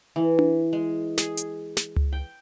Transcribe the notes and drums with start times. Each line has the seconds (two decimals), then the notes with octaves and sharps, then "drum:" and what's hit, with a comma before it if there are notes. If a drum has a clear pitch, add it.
0.16 E3
0.39 drum: tom D4
0.73 G#3
1.18 G#4, drum: snare
1.37 drum: hi-hat
1.77 drum: snare
1.96 drum: tom C#2
2.13 G5